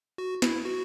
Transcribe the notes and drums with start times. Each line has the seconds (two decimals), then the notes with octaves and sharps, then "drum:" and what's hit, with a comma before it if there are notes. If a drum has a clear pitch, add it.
0.18 F#4
0.42 E4, drum: snare
0.65 F#4